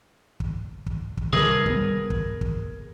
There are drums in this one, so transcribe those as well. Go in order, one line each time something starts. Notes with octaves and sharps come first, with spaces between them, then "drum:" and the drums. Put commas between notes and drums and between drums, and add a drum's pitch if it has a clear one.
drum: kick
drum: kick
drum: kick
C3 D#3 G3 G#4 A#4 B4
G3 B3, drum: kick
drum: kick
drum: kick